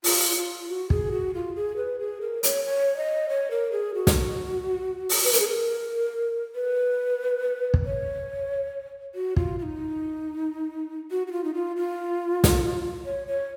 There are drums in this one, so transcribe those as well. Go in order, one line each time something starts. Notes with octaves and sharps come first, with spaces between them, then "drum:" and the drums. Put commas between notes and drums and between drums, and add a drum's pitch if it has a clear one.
F4, drum: open hi-hat
F4
F#4
G#4, drum: kick
F#4
F4
G#4
B4
G#4
A#4
C#5, drum: hi-hat
C#5
D#5
C#5
A#4
G#4
F#4
drum: snare
drum: open hi-hat
B4
A#4, drum: hi-hat
G#4
A#4
B4
drum: kick
C#5
F#4
F4, drum: kick
F4
D#4
F#4
F#4
F4
D#4
F4
F4
drum: snare
C#5
C#5